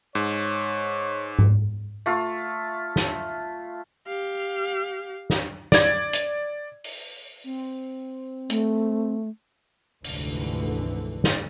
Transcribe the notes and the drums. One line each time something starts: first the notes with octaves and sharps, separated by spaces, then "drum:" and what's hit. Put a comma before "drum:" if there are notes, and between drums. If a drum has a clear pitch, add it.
G#2 C#5
drum: tom G#2
A3 F4
drum: snare
G4 F5
drum: snare
D5 G#6, drum: snare
drum: hi-hat
drum: open hi-hat
C4
A3, drum: hi-hat
F1 D2 G#2 D3 E3, drum: open hi-hat
drum: snare